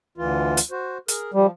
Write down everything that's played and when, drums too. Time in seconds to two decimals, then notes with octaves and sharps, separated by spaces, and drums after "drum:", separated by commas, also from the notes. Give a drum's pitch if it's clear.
0.18 D2 E3 F4
0.57 drum: hi-hat
0.71 F#4 C5
1.08 G#4 A#4, drum: hi-hat
1.34 F3 G3